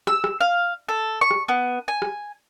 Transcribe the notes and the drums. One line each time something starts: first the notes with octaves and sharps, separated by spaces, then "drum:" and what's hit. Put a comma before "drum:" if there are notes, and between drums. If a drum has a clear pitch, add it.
E6, drum: rim click
drum: rim click
F5
A4
C#6
drum: rim click
B3
G#5
drum: rim click